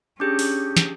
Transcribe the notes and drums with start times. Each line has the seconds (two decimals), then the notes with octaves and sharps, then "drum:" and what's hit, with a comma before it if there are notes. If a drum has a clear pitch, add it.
0.20 C#4 D4 G4 G#4 D6 G6
0.39 drum: open hi-hat
0.77 drum: snare